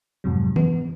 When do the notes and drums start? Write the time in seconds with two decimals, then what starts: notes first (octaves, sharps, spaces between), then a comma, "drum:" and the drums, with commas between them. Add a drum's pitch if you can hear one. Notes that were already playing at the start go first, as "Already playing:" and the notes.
0.24 F2 G#2 C3 F#3
0.56 B3, drum: tom